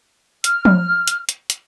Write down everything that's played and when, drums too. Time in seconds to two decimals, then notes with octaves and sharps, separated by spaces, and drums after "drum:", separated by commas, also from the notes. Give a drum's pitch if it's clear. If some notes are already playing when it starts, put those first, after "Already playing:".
0.44 F6, drum: hi-hat
0.65 drum: tom F3
1.08 drum: hi-hat
1.29 drum: hi-hat
1.50 drum: hi-hat